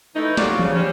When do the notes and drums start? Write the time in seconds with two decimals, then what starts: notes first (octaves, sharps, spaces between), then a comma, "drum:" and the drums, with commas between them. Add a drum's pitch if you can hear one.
0.16 E3 A3 D#4
0.37 C3 F#3 F4 F#4 A4 D5, drum: snare
0.59 C#3 F3, drum: tom E3
0.75 G3 C4 C#4